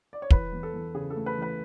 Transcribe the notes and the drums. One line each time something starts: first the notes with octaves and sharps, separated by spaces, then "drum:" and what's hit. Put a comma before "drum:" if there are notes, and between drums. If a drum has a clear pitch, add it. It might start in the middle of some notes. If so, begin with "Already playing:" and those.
D5
C#5
E3 B4, drum: kick
E2
A4
E2
C#3 G#4
A4
A3
B4
E3 B4